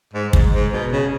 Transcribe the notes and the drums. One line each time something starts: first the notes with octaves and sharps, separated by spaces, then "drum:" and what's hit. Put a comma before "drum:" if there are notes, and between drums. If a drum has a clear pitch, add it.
G#2
G#2, drum: kick
G#2
B2
C#3